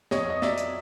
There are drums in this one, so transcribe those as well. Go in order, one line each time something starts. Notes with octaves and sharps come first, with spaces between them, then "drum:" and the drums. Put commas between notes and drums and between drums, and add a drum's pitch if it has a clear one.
F2 C#5 D#5, drum: snare
D#5
F#3 D5 E5, drum: snare
drum: hi-hat